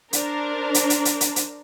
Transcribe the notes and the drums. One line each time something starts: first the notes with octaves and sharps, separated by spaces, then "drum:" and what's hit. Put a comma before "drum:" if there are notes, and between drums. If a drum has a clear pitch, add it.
D4 A#4 C5, drum: hi-hat
drum: hi-hat
drum: hi-hat
drum: hi-hat
drum: hi-hat
drum: hi-hat